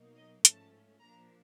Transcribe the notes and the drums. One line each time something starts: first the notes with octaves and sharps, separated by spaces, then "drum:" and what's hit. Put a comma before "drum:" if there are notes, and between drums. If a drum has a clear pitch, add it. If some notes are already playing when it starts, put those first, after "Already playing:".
Already playing: B2 F#3 A#3 D#4
D#5
G#2 F3 A3 C#4 A5, drum: hi-hat
A#2 F3 A#3 D4 A#5